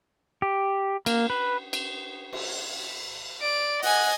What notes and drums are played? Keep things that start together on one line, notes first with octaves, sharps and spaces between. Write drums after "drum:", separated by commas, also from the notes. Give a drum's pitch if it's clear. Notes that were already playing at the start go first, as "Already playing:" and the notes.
G4
A#3, drum: cymbal
B4
drum: cymbal
drum: cymbal
D5 D7
D#5 F#5 G#5, drum: open hi-hat